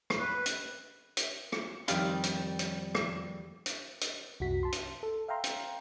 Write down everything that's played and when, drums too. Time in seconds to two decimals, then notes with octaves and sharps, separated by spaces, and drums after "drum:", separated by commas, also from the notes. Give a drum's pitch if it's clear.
0.10 drum: rim click
0.19 B4
0.46 drum: hi-hat
1.17 drum: hi-hat
1.52 drum: rim click
1.88 F2 D#3 G3 G4 F5 C6, drum: hi-hat
2.23 drum: hi-hat
2.59 drum: hi-hat
2.95 drum: rim click
3.66 drum: hi-hat
4.01 drum: hi-hat
4.40 C2 F#2 F#4 B6
4.63 A5 C6
4.72 drum: hi-hat
5.03 A4
5.28 E5 F5 G5 A#5 C6
5.44 drum: hi-hat